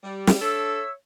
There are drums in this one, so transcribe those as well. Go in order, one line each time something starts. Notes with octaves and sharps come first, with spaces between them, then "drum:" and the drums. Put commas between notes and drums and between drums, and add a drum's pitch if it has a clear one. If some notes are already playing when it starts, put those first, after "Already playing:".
G3
drum: snare
D4 A4 C#5 E5 E6